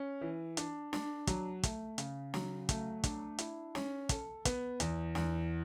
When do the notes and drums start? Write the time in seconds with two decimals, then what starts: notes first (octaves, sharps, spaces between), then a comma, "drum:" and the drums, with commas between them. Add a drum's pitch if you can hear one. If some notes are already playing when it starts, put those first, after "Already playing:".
Already playing: C#4
0.21 E3
0.57 D4, drum: hi-hat
0.93 D4, drum: snare
1.27 F#3, drum: kick, hi-hat
1.63 A3, drum: kick, hi-hat
1.98 C#3, drum: hi-hat
2.34 F#3, drum: snare
2.69 A3, drum: kick, hi-hat
3.04 D4, drum: kick, hi-hat
3.38 E4, drum: hi-hat
3.75 C#4, drum: snare
4.09 A4, drum: kick, hi-hat
4.45 B3, drum: kick, hi-hat
4.80 E2, drum: hi-hat
5.15 E2, drum: snare